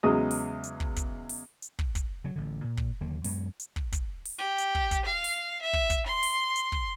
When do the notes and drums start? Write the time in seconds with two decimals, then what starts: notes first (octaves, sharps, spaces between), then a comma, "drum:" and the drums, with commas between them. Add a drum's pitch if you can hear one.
0.03 E2 C#3 F#3 G#3 D#5 D#6
0.31 drum: open hi-hat
0.64 drum: hi-hat
0.80 drum: kick
0.96 drum: kick, hi-hat
1.29 drum: open hi-hat
1.62 drum: hi-hat
1.79 drum: kick
1.95 drum: kick, hi-hat
2.24 C#3 F#3
2.36 A1 D3
2.64 A#2
2.77 drum: kick
3.01 D#2 D3 F#3 A#3
3.24 F#2 G#3 B3, drum: open hi-hat
3.60 drum: hi-hat
3.76 drum: kick
3.92 drum: kick, hi-hat
4.25 drum: open hi-hat
4.39 G4
4.58 drum: hi-hat
4.75 drum: kick
4.91 drum: kick, hi-hat
5.05 F5
5.24 drum: open hi-hat
5.62 E5
5.73 drum: kick
5.90 drum: kick, hi-hat
6.06 C6
6.23 drum: open hi-hat
6.56 drum: hi-hat
6.72 drum: kick